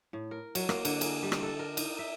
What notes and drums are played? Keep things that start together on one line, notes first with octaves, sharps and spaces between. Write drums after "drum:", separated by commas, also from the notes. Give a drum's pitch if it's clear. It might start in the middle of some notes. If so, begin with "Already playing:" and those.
A2
A#4
F#3, drum: cymbal
A#3, drum: rim click
D3, drum: cymbal
G#4, drum: cymbal
G3
drum: rim click
A4
A#4
D#4, drum: cymbal
E5